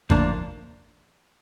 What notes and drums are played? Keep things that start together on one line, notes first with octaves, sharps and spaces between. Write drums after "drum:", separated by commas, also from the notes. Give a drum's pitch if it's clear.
A2 F3 A#3 D4, drum: kick